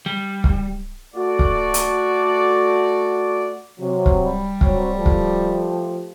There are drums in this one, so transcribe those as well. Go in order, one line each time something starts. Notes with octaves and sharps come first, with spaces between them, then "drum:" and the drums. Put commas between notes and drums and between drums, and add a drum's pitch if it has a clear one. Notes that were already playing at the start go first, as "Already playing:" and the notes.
G3
drum: kick
A3 F#4 D5
drum: kick
drum: hi-hat
C3 F#3
drum: kick
G3
F#3 C4, drum: kick
F3 A3 G4
drum: kick